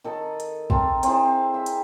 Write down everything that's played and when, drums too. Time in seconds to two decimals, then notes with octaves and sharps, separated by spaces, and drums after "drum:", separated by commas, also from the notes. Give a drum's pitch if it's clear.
0.04 D#3 A4 D#5
0.40 drum: hi-hat
0.70 C4 A4 A#4, drum: kick
1.03 C4 E4 G#4 C5, drum: hi-hat
1.54 E5
1.66 drum: hi-hat